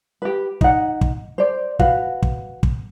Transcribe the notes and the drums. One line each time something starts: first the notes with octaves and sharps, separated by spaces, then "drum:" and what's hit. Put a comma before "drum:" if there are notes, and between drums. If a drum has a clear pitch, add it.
G4 B4
D#4 F#5, drum: kick
drum: kick
C5 D5
F#4 B4 F5, drum: kick
drum: kick
drum: kick